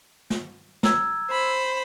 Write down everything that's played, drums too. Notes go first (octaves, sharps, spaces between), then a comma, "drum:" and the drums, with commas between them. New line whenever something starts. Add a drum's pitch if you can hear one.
drum: snare
A#5 E6 G#6, drum: snare
C5 B5